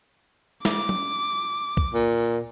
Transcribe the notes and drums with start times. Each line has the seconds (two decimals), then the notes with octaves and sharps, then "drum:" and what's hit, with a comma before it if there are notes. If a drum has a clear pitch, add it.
0.65 D6, drum: snare
0.89 drum: tom
1.77 drum: kick
1.94 A#2